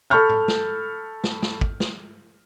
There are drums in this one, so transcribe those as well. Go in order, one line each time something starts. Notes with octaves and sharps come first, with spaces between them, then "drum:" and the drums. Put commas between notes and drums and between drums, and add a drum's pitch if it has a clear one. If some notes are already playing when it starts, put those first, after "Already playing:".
A4 A5 B5 C#6 F6 G6
drum: tom
drum: snare
drum: snare
drum: snare
drum: kick
drum: snare